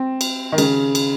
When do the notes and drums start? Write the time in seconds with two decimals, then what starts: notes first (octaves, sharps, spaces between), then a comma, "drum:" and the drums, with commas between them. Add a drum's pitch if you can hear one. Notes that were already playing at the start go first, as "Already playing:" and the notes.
Already playing: C4
0.21 drum: cymbal
0.52 D#3
0.58 C#3, drum: cymbal
0.95 drum: cymbal